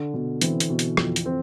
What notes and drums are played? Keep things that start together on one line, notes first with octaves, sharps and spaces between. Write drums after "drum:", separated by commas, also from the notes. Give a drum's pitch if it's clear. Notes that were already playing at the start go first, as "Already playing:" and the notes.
Already playing: D3
B2 D3
E3 C4, drum: hi-hat
drum: hi-hat
B2
drum: hi-hat
F2, drum: rim click
drum: hi-hat
C4